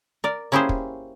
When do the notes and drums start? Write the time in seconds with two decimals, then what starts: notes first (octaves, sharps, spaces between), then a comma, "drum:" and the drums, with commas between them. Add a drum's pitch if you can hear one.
0.24 A#4 D5
0.52 A#3 C#4 E4 G4 G#4 C5
0.69 drum: kick